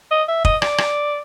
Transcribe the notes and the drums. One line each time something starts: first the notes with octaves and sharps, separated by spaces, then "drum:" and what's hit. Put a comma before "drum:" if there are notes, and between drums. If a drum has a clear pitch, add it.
D#5
E5
D#5, drum: kick
D5, drum: rim click
drum: rim click